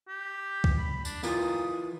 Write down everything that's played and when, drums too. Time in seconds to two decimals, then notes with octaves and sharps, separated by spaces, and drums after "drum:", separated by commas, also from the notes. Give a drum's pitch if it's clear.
0.08 G4
0.64 drum: kick C2
0.78 B5
1.05 D4, drum: tambourine
1.23 E3 F4 A#4 D#6, drum: tambourine